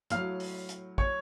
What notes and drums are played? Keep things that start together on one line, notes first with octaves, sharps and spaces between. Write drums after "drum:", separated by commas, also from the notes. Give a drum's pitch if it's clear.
A2 F#3 F5 F6, drum: hi-hat
drum: open hi-hat
drum: hi-hat
C#5 C#6, drum: kick